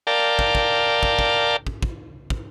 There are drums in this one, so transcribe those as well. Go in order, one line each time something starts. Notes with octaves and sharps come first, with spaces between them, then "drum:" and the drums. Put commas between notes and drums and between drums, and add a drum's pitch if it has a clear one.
A#4 D5 F5 G5 A5
drum: kick
drum: kick
drum: kick
drum: kick
drum: kick
drum: kick
drum: kick